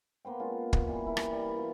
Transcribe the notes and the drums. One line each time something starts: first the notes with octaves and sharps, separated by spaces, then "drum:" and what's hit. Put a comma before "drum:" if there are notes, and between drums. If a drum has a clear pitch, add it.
A#3 B3 C5 G5
G#3 C#4 F4
drum: kick
E3 G3
E4 A#4
drum: rim click
G3
B2 F4 A5